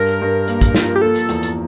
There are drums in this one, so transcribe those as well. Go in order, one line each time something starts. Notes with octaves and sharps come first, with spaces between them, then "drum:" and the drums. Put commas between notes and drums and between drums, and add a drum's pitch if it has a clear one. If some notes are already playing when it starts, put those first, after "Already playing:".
Already playing: G2 A#4
G2
A#3, drum: hi-hat
drum: kick, hi-hat
F3, drum: snare
G4
A#3 A4
drum: hi-hat
E2, drum: hi-hat
drum: hi-hat